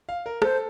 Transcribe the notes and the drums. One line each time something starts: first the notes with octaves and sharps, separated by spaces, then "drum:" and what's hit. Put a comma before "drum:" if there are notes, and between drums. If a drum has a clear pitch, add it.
F5
A#4
A4 C5, drum: rim click